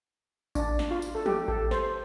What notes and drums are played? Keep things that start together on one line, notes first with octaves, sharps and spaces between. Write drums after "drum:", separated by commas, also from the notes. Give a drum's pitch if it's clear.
D4, drum: kick A1, tambourine
drum: snare
F4
drum: tambourine
A4
G4, drum: tom
A4, drum: kick A1
C5, drum: snare